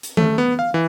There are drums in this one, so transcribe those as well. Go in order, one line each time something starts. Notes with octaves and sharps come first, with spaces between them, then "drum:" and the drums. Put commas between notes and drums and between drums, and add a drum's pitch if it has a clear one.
drum: hi-hat
A3, drum: tom D#3
B3
F5
E3